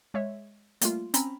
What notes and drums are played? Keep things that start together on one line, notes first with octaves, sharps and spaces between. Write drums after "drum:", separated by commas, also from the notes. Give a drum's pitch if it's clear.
G#3 C#5 E5
G3 A3 A#3 F4, drum: hi-hat
C4 C#4 A#5 B5, drum: hi-hat